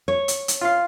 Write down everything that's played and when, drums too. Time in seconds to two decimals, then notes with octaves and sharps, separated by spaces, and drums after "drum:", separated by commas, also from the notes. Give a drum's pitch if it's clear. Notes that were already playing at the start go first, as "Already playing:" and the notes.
0.08 C#5
0.28 drum: hi-hat
0.48 drum: hi-hat
0.61 F4 F5